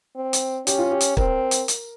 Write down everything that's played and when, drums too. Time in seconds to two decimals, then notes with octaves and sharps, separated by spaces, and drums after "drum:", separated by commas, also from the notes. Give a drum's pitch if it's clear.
0.16 C4
0.33 drum: hi-hat
0.67 C#4 G4, drum: hi-hat
0.78 F4
0.91 G4
1.01 drum: hi-hat
1.17 C4 A#4, drum: kick
1.51 drum: hi-hat
1.68 drum: hi-hat